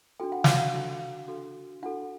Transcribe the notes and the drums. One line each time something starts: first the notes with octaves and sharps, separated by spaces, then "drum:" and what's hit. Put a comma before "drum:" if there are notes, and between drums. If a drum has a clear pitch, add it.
D4 F#4 A4 G5
F#5
F5, drum: snare
F#5
D4 F#4 A4
D4 F#4 A4
D4 F#4 A4 F#5